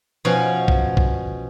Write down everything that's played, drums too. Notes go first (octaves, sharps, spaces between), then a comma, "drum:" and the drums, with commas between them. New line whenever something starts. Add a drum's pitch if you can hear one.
B2 F3 C#4 F#4
drum: kick A#1
drum: kick A#1